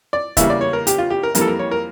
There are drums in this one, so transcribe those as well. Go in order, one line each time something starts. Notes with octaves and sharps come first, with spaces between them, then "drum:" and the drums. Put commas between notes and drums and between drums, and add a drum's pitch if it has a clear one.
D5
E2 C#3 E3 G3 A#3 E5, drum: kick, hi-hat
D5
C#5
A#4
G4, drum: hi-hat
F4
G4
A#4
F2 E3 G3 A#3 A#4, drum: hi-hat
A4
A#4
C#5
A#4